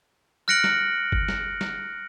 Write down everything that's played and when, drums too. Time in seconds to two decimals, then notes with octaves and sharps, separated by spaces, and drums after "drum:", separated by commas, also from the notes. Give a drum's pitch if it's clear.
0.48 F6 F#6 A#6 C#7 D7 F#7
0.64 drum: snare
1.12 drum: kick F#1
1.29 drum: snare
1.61 drum: snare